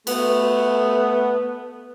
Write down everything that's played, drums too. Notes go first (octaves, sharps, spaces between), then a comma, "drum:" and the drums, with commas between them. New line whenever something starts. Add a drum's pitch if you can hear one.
A3 B3, drum: cymbal